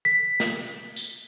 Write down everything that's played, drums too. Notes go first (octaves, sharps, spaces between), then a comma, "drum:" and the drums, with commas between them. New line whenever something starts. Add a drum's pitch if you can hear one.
B6
drum: snare
drum: tambourine